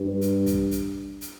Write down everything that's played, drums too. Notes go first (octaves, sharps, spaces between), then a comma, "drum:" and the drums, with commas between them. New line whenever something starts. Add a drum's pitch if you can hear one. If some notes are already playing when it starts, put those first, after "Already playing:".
Already playing: G2
drum: hi-hat
drum: kick, hi-hat
drum: hi-hat
drum: hi-hat